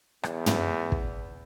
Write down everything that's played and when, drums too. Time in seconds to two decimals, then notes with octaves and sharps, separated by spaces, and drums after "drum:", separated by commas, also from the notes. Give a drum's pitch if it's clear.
0.23 E2, drum: rim click
0.46 drum: tom
0.92 drum: kick